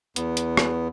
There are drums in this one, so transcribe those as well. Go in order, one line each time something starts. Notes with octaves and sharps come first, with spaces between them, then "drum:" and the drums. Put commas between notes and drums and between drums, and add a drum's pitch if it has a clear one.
E2 B3, drum: hi-hat
drum: hi-hat
drum: rim click